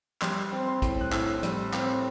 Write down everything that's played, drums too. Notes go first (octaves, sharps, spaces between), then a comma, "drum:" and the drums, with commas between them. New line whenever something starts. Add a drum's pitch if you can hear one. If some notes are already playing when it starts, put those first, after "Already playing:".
G3 C6, drum: clap
C4
C6
A2, drum: kick, hi-hat
F#6
A2 E6, drum: clap
G3, drum: hi-hat
C4, drum: clap